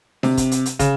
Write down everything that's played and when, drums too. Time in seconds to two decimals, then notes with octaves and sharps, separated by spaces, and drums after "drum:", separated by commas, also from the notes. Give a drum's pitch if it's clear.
0.23 C3, drum: snare D4
0.37 drum: kick, hi-hat
0.51 drum: hi-hat
0.66 drum: hi-hat
0.79 C#3, drum: kick, hi-hat